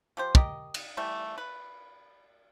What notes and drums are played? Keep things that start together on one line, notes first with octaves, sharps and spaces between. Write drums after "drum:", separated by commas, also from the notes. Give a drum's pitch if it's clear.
F3 G4 C5
G4 A#4 D#5, drum: kick
drum: cymbal
E3 G3 A3
B4